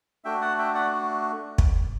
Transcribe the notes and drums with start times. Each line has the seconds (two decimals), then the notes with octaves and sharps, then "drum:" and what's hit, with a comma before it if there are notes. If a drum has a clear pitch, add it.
0.24 A3 D4 F#4 E5 G5
0.41 F#5 A5
0.58 E5 G5
0.74 D5 F#5
1.58 drum: kick